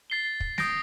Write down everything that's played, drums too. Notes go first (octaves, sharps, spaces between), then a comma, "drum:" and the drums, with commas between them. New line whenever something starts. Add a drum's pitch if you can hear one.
A6 C7 G7
drum: kick
D#6 G6 A#6 D7, drum: snare